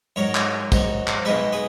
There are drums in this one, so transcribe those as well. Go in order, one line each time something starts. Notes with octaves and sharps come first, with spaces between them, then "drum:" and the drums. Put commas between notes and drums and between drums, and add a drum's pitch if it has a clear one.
G#2 F#3 A#4 C#5
drum: clap
G#2 F#3, drum: kick, tambourine
drum: clap
B1 B2 G#3 G#4 B4
G#4 B4